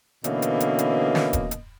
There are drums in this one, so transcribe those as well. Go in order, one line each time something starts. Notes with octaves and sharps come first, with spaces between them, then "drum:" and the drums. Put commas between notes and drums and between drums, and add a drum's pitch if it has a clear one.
B2 D3 E3 A#3 C#4 D#5, drum: hi-hat
drum: hi-hat
drum: hi-hat
drum: hi-hat
drum: snare
drum: kick D#1, hi-hat
drum: hi-hat